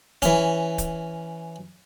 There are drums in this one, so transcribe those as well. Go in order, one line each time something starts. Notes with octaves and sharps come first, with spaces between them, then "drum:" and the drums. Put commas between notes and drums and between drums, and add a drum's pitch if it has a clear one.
E3 C#4, drum: kick C#1, hi-hat
drum: kick C#1, hi-hat